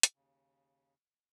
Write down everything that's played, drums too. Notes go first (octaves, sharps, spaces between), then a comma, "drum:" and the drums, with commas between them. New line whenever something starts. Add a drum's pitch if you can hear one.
drum: hi-hat
D#2 C#3